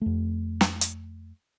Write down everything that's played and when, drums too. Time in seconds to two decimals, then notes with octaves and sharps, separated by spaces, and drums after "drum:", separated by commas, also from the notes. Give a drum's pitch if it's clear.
0.02 F2 A3
0.61 drum: snare
0.81 drum: hi-hat